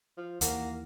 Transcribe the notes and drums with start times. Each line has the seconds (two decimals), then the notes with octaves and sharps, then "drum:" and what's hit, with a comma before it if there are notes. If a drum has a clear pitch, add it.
0.17 F3
0.41 D#2 E3 A#3 F#5, drum: hi-hat